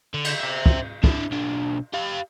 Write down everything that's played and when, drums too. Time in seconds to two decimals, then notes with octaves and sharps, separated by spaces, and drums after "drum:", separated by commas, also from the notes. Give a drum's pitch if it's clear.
0.14 D3
0.24 drum: cymbal
0.40 C5 E5
0.66 drum: kick
1.04 D4 E4, drum: kick
1.31 B1 D4
1.93 G4 F5